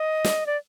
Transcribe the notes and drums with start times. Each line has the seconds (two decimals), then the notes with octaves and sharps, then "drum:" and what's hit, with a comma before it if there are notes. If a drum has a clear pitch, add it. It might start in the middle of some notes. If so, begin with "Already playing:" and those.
Already playing: D#5
0.24 drum: snare
0.46 D5